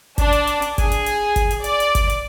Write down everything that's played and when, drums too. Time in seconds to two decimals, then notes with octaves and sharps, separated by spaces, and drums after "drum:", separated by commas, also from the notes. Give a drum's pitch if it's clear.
0.18 D4, drum: kick G1, hi-hat
0.33 drum: hi-hat
0.47 drum: hi-hat
0.62 drum: hi-hat
0.78 G#4, drum: kick G1, hi-hat
0.92 drum: hi-hat
1.06 drum: hi-hat
1.36 drum: kick G1, hi-hat
1.51 drum: hi-hat
1.64 D5, drum: hi-hat
1.80 drum: hi-hat
1.95 drum: kick G1, hi-hat
2.10 drum: hi-hat